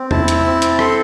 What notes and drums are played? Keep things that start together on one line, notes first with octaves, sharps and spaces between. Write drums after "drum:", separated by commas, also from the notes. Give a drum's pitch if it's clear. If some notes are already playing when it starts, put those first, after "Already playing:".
Already playing: C4
E4 A5, drum: tom E2
drum: hi-hat
C4
drum: hi-hat
A4 C6, drum: rim click